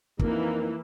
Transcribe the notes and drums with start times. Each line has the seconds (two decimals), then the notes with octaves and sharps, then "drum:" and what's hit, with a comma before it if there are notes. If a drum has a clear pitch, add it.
0.19 F2 E3 A#3 D#4 A#4, drum: kick